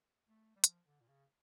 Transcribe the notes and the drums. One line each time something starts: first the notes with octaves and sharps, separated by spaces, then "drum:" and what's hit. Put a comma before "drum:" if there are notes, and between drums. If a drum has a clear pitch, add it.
A3
G3
F3, drum: hi-hat
D3
A#2
C#3